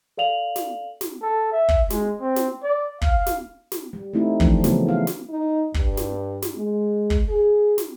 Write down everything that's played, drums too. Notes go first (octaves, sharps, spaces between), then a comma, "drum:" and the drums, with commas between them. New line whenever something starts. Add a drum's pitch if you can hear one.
A4 D5 F5 F7 F#7
drum: snare
drum: snare
A4
E5
drum: kick
G#3, drum: snare
C4
drum: snare
D5
F5, drum: kick
drum: snare
drum: snare
G3
A3 C4 D#4 E4
E3 F3 A3 D4, drum: kick
C#3 F#3 A3 B3, drum: snare
E4 F5
drum: snare
D#4
G2, drum: kick
drum: snare
drum: snare
G#3
drum: kick
G#4
drum: snare